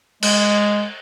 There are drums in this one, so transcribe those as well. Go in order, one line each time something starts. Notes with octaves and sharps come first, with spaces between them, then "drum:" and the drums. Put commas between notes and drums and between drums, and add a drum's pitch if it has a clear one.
G#3, drum: cymbal